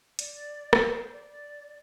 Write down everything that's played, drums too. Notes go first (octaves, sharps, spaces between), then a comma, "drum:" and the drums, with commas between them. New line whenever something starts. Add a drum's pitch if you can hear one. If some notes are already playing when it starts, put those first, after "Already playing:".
D5, drum: hi-hat
A#4, drum: rim click
C5
D5